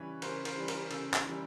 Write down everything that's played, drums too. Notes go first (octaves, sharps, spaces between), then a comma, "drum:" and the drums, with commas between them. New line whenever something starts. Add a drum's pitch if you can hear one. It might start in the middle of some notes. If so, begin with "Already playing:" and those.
Already playing: C#3 E3 G3 B4 C#5
C#3 A#4 C5, drum: cymbal
A#4 C5, drum: cymbal
E3 G3
A#4, drum: cymbal
C#3 A4, drum: cymbal
drum: clap
E3 G3